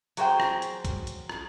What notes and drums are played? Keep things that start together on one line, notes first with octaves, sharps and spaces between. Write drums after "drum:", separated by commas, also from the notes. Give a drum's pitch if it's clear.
F#3 G#4 C5 D#5 G5, drum: hi-hat
drum: rim click
drum: hi-hat
drum: kick A#1, hi-hat
drum: hi-hat
drum: rim click